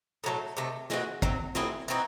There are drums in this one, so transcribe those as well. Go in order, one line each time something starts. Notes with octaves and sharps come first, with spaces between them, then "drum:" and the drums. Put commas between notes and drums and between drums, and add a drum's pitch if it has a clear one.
A2 F#3 A3
C3 D#3 A3
E3 G#3 C4 F#4, drum: snare
C3 F#3 C4, drum: kick
F#3 C4 E4 G#4, drum: snare
E3 C4 D#4 F#4